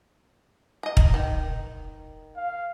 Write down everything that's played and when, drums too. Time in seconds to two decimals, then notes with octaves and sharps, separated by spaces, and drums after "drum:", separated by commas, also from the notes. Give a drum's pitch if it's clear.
0.83 D#5 A#5
0.97 drum: kick
1.14 D#3
2.37 F5